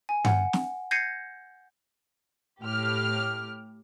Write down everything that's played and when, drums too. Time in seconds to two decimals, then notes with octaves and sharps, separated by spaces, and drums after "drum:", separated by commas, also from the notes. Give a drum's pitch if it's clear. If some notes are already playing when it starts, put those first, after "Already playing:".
0.09 G#5
0.25 F#5, drum: tom G2
0.53 drum: snare
0.91 G6 G#6 A#6 C7 C#7 D#7
2.62 A2 G4 F6